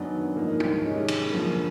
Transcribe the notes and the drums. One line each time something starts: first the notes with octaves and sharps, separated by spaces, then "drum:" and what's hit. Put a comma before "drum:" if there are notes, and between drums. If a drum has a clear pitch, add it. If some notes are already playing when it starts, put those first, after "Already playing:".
Already playing: F#2 D#3 F#3 B3 D4
G#2 F3 A#3 D#4
drum: tom
C3 D#3 G#3 C#4
drum: cymbal
F#2 D3 F3 A#3